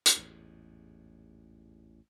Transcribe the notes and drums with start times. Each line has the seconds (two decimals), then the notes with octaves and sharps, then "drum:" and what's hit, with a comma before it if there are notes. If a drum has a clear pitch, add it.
0.06 drum: hi-hat
0.16 A1 E2 G#2